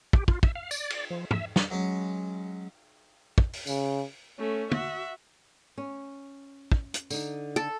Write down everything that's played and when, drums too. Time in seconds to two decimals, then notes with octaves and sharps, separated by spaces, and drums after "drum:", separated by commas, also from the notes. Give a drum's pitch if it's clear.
0.13 G4, drum: kick
0.28 F4, drum: kick
0.43 E5, drum: kick
0.55 F5
0.71 D5, drum: tambourine
0.90 drum: cymbal
1.10 F3
1.31 E5, drum: tom
1.56 drum: snare
1.70 F#3 G#3 C#4
3.38 drum: kick
3.53 drum: open hi-hat
3.67 C#3, drum: tambourine
4.39 A3 C#4
4.72 F#4 E5, drum: tom
5.78 C#4
6.72 drum: kick
6.94 drum: hi-hat
7.10 D3 D#4, drum: tambourine
7.56 A4